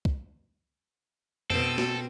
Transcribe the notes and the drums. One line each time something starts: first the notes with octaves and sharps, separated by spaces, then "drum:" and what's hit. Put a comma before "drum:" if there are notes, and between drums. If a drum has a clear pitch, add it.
drum: kick
B2 C4 A4, drum: tom F2
drum: snare